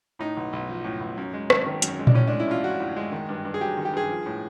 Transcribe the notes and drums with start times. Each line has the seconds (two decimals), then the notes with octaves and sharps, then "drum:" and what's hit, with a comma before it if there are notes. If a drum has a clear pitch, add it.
0.19 A2 D#4
0.37 B1
0.53 B1
0.69 F3
0.84 A2
1.00 B1
1.17 F#2
1.34 G#3
1.50 G#1, drum: rim click
1.66 D#3
1.82 F#2, drum: hi-hat
1.99 G#3
2.07 D4, drum: tom A#2
2.14 A2 C#4
2.27 G#3 D4
2.40 E4
2.47 A1 F4
2.63 F3 F#4
2.80 A2
2.96 G#3
3.12 D#3
3.29 G2
3.45 G2
3.54 G#4
3.61 F#3 G4
3.77 D#3
3.85 G4
3.93 G2 G#4
4.09 F3
4.26 A2